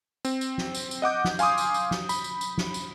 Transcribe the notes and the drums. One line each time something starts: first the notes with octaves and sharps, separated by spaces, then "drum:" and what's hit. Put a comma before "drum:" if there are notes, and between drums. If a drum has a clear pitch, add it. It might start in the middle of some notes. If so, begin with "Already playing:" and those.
C4, drum: tambourine
drum: tambourine
drum: snare
drum: tambourine
drum: tambourine
D#5 F#5 D6 G6
drum: snare
F5 G#5 C6 D6 D#6, drum: tambourine
drum: tambourine
drum: tambourine
drum: snare
B5, drum: tambourine
drum: tambourine
drum: tambourine
drum: snare
drum: tambourine